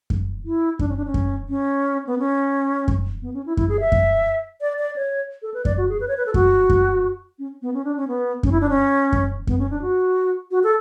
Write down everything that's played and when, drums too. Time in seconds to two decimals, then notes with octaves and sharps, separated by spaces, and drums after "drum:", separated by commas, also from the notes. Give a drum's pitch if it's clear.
0.10 drum: kick F#2
0.45 E4
0.79 D4, drum: kick F#2
0.88 C#4
0.97 D4
1.05 C#4
1.14 drum: kick F#2
1.49 C#4
2.07 B3
2.19 C#4
2.88 drum: kick F#2
3.22 B3
3.34 C#4
3.46 E4
3.57 E4, drum: kick F#2
3.69 G#4
3.80 E5
3.92 drum: kick F#2
4.61 D5
4.79 D5
4.96 C#5
5.42 A4
5.54 B4
5.65 D5, drum: kick F#2
5.78 F#4
5.89 G#4
6.00 B4
6.08 C#5
6.17 B4
6.26 A4
6.34 F#4, drum: kick F#2
6.70 drum: kick F#2
7.39 C#4
7.62 B3
7.74 C#4
7.85 D4
7.97 C#4
8.08 B3
8.43 C#4, drum: kick F#2
8.52 E4
8.61 D4
8.69 C#4
9.12 drum: kick F#2
9.47 B3, drum: kick F#2
9.59 C#4
9.70 D4
9.82 F#4
10.51 F#4
10.64 A4